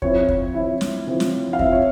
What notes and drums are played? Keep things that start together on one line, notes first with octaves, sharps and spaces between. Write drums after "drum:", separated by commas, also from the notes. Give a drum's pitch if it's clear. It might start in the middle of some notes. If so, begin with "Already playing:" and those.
F3 C4 E4 C#5, drum: kick
drum: kick
F3 C4 E4
drum: snare
F3 C4 E4
drum: snare
F5
F3 C4 E4 E5, drum: kick
C#5